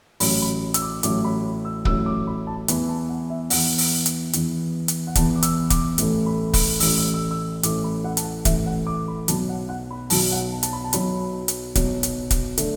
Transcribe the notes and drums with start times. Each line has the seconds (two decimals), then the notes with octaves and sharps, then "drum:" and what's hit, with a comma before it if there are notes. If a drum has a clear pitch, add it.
0.20 A1 A2 F#3 B5, drum: open hi-hat
0.42 B5
0.74 E6, drum: hi-hat
0.82 D6
1.03 A1 A2 F#3 D6, drum: hi-hat
1.24 B5
1.65 E6
1.85 A1 A2 F#3 E6, drum: kick
2.06 D6
2.27 B5
2.47 A5
2.68 E2 E3 B3 B5, drum: hi-hat
2.89 A5
3.09 F#5
3.30 E5
3.50 E2 E3 B3 F#5, drum: open hi-hat
3.78 drum: open hi-hat
4.06 drum: hi-hat
4.33 E2 E3 B3, drum: hi-hat
4.88 drum: hi-hat
5.07 F#5
5.15 E2 E3 B3 A5, drum: kick, hi-hat
5.35 D6
5.43 E6, drum: hi-hat
5.70 D6, drum: kick, hi-hat
5.98 A1 A2 E3 A3, drum: hi-hat
6.26 B5
6.53 B5, drum: kick, open hi-hat
6.80 A1 A2 E3 A3 E6, drum: open hi-hat
6.98 E6
7.14 E6
7.31 E6
7.63 A1 A2 E3 A3 D6, drum: hi-hat
7.84 B5
8.04 F#5
8.17 A5, drum: hi-hat
8.24 F#5
8.45 A1 A2 E3 A3 E5, drum: kick, hi-hat
8.66 F#5
8.87 D6
9.08 B5
9.28 B1 B2 F#3 A5, drum: hi-hat
9.49 F#5
9.69 F#5
9.91 B5
10.10 B1 B2 F#3 A5, drum: open hi-hat
10.32 F#5
10.52 A5
10.63 A5, drum: hi-hat
10.73 B5
10.84 A5
10.93 B1 B2 F#3 B5, drum: hi-hat
11.48 drum: hi-hat
11.75 B1 B2 F#3, drum: kick, hi-hat
12.03 drum: hi-hat
12.31 drum: kick, hi-hat
12.58 D3 A3, drum: hi-hat